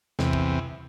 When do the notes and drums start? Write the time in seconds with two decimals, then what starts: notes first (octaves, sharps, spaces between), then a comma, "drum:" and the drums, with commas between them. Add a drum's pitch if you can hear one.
0.19 E2 C3, drum: snare
0.33 drum: kick